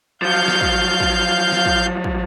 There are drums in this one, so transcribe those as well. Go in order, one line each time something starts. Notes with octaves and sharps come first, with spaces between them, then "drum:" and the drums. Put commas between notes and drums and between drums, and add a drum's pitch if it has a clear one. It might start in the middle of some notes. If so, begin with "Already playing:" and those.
F3 F#3 F5 G6
drum: snare
drum: kick
drum: kick
drum: snare
drum: kick
drum: kick